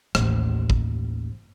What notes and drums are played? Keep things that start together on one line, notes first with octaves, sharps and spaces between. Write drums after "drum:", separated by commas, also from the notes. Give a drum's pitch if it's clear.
A1 D#2, drum: rim click
drum: kick A1